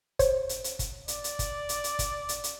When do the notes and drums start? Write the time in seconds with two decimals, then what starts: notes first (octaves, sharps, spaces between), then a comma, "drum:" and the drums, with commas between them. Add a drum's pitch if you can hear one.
0.19 C5 C#5, drum: kick, hi-hat
0.49 drum: hi-hat
0.64 drum: hi-hat
0.79 drum: kick, hi-hat
1.08 D5, drum: hi-hat
1.24 drum: hi-hat
1.39 drum: kick, hi-hat
1.69 drum: hi-hat
1.84 drum: hi-hat
1.99 drum: kick, hi-hat
2.29 drum: hi-hat
2.44 drum: hi-hat